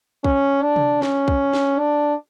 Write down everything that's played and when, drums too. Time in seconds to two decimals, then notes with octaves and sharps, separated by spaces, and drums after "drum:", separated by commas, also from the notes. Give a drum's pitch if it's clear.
0.24 C#4, drum: kick B1
0.63 D4
0.76 drum: tom C3
1.02 C#4, drum: snare
1.28 drum: kick B1
1.53 drum: snare
1.79 D4